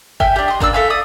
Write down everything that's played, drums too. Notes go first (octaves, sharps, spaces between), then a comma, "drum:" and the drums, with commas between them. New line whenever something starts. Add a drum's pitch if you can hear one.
E5 G5 G#5 F6, drum: kick G1
D4 G4
D#5 C6
A#3 D4 D5 E6, drum: kick G1
A4 E5 F5 G#5
D5 D#6